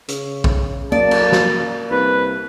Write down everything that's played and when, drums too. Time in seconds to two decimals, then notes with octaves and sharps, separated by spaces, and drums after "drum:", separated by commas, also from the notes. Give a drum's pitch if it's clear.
0.08 C#3, drum: hi-hat
0.44 drum: kick
0.92 F#2 A#3 D5 A5
1.11 drum: cymbal
1.32 drum: snare
1.91 C2 B4